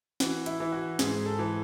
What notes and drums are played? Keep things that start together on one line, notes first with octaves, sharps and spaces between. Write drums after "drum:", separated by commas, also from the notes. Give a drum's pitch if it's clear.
E3 F#4, drum: snare
E4, drum: hi-hat
E3
F#4
G#2 G#4, drum: snare
A4
E3